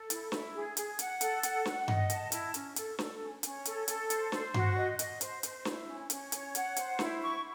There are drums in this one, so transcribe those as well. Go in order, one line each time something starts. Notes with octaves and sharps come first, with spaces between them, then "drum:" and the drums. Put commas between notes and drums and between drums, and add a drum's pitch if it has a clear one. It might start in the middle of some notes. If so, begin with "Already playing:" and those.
Already playing: A4
E4, drum: hi-hat
E4, drum: snare
G#4
G#4, drum: hi-hat
F#5, drum: hi-hat
A4, drum: hi-hat
F#5, drum: hi-hat
F#5, drum: snare
D#5, drum: tom G2
A5, drum: hi-hat
E4, drum: hi-hat
C#4, drum: hi-hat
A4, drum: hi-hat
A4, drum: snare
C#4
C#4, drum: hi-hat
A4, drum: hi-hat
A4, drum: hi-hat
C5, drum: hi-hat
C5, drum: snare
F#4, drum: tom G2
D#5
D#5, drum: hi-hat
C5, drum: hi-hat
C5, drum: hi-hat
E4, drum: snare
C#4
C#4, drum: hi-hat
C#5, drum: hi-hat
F#5, drum: hi-hat
C5, drum: hi-hat
E4, drum: snare
C#6